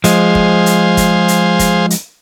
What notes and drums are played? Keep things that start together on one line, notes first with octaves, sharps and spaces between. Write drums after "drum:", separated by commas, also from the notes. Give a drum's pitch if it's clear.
F3 G#3 G#4 C5 F5, drum: hi-hat
drum: kick
drum: hi-hat
drum: kick, hi-hat
drum: hi-hat
drum: kick, hi-hat
drum: hi-hat